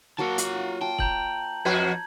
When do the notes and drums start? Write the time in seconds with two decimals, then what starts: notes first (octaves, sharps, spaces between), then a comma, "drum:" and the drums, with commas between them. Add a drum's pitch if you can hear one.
0.18 F#3 A#3 F#4 A#4 A5
0.38 F4 F#5, drum: hi-hat
0.81 F4 G5 A5
0.99 A#5 G6 F#7, drum: kick
1.65 F2 F#4 B4 G#6